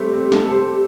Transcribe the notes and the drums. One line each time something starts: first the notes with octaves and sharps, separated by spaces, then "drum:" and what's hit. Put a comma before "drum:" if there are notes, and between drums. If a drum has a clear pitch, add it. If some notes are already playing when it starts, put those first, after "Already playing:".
Already playing: G3 A3 C4 G4
C4
A4, drum: snare
A4
C5